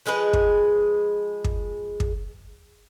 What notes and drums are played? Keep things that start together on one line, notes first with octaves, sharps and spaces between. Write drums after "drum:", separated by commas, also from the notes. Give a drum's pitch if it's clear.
F3 G#3 G#4 B4
drum: kick
drum: kick
drum: kick